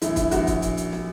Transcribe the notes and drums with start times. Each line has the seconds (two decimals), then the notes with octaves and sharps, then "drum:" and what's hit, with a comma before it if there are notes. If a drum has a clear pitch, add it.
0.02 A#1 E4, drum: hi-hat
0.16 E4, drum: kick, hi-hat
0.31 A#1 F#4, drum: hi-hat
0.47 drum: kick, hi-hat
0.62 drum: hi-hat
0.77 drum: hi-hat
0.92 drum: snare